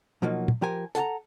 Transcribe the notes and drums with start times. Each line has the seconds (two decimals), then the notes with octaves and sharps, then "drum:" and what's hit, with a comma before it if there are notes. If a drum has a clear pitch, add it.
0.22 B2 F3 F#3 A#3 D#4
0.48 drum: tom
0.62 F3 G4 A#4 G#5
0.95 A4 F#5 A5 A#5, drum: hi-hat